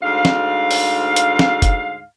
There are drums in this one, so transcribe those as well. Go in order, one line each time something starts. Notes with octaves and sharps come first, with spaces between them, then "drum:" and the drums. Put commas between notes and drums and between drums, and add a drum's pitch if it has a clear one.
D2 G#2 F5
drum: snare
drum: open hi-hat
drum: hi-hat
drum: snare
drum: kick F#1, hi-hat